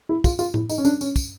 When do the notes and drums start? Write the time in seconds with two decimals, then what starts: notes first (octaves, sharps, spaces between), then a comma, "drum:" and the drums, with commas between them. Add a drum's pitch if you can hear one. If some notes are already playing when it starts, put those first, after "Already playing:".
0.09 E4
0.24 F4, drum: kick, tambourine
0.39 F4, drum: tambourine
0.54 E4, drum: tom A2
0.69 D#4, drum: tambourine
0.78 C#4
0.85 D4, drum: tambourine
1.01 C#4, drum: tambourine
1.16 drum: kick, tambourine